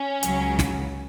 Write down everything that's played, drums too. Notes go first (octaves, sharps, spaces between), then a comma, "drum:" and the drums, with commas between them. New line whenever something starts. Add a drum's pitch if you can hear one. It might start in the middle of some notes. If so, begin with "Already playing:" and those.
Already playing: C#4
C#2 C#3 F#3, drum: hi-hat
drum: snare